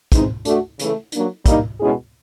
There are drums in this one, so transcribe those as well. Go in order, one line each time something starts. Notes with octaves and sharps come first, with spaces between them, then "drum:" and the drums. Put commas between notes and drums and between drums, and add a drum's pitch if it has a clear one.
E3 G#3 C4 D#4, drum: kick, hi-hat
A3 D4 F#4 A4, drum: hi-hat
C#3 E3 A3, drum: hi-hat
F#3 A#3 D4, drum: hi-hat
G3 A#3 D#4, drum: kick, hi-hat
B2 G#3 C#4 E4 G#4